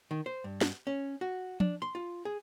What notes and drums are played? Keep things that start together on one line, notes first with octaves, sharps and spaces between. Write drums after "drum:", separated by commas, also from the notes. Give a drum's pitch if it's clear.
D#3
C5
G2
drum: snare
C#4
F#4
D4, drum: tom F3
C6
F4
G#4